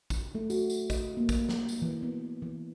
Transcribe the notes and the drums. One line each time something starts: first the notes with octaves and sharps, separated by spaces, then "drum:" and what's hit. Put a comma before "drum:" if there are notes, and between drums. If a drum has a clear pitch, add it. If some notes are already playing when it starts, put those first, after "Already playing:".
drum: kick, tambourine
A3
F#4, drum: tambourine
drum: tambourine
D#5, drum: kick, tambourine
A#3
drum: kick, tambourine
drum: snare
drum: tambourine
E3
B3
E3